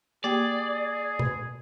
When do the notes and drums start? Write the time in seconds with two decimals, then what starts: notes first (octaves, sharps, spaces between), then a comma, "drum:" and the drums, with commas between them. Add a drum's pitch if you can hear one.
0.24 A#3 G4 G#4 D5 G5
1.19 drum: tom B2